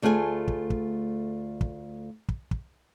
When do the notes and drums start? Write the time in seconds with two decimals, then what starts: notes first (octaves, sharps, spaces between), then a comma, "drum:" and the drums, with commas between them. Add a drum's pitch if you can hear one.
0.02 D2 A3 F4 G#4 F#5 G#5
0.48 drum: kick
0.70 drum: kick
1.61 drum: kick
2.29 drum: kick
2.51 drum: kick